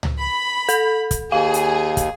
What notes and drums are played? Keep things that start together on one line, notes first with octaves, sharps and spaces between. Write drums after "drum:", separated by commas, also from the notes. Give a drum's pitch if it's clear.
drum: tom C#2
B5
A4, drum: hi-hat
drum: kick, hi-hat
D#2 G#4 F5
drum: hi-hat
drum: kick, hi-hat